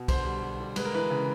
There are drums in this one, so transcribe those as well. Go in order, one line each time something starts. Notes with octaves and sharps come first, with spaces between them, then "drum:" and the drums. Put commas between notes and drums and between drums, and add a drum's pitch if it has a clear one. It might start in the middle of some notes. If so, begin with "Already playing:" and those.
Already playing: B2
D3 C5, drum: kick B1, cymbal
G3
G3
D3
G#3 B4, drum: cymbal
A#4
E3 B4
C#3